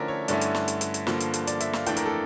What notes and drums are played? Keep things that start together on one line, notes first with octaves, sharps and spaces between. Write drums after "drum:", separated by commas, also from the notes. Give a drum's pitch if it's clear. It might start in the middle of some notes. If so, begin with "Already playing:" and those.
Already playing: D3 F3 A3 C#4 E4 A#4 D5 E5
C#5
G2 D3 A3 C#4 E4 D5, drum: hi-hat
drum: hi-hat
drum: snare
drum: hi-hat
drum: hi-hat
drum: hi-hat
G2 D3 F3 A#3, drum: snare
drum: hi-hat
drum: hi-hat
D5, drum: hi-hat
E5, drum: hi-hat
F5, drum: snare
F2 E3 A3 D4 G5, drum: hi-hat
A#4, drum: hi-hat
A4